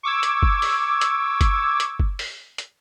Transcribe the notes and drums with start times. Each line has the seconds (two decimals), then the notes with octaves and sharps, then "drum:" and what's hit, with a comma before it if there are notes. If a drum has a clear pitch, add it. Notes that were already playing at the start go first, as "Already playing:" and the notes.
0.03 C#6 D6 E6 G#6
0.23 drum: hi-hat
0.43 drum: kick F#1
0.62 drum: open hi-hat
1.01 drum: hi-hat
1.41 drum: kick F#1, hi-hat
1.80 drum: hi-hat
2.00 drum: kick F#1
2.19 drum: open hi-hat
2.58 drum: hi-hat